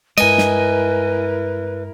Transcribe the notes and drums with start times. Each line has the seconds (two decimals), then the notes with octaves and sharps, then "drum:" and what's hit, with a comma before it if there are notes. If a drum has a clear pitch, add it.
0.18 G2 G#3 E4 A#4 B4 D#5 G#5, drum: cymbal
0.38 drum: snare